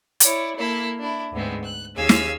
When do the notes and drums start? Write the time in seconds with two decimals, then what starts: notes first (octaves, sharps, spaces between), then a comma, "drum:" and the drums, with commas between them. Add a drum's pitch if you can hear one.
0.20 E4 C#5 D5, drum: hi-hat
0.56 A#3 E4 A4
0.99 D4 E4
1.32 D2 G#2 G#3 B3 C4
1.63 F#6
1.95 D#2 C#4 G#4 F5 G#5 E6
2.09 drum: snare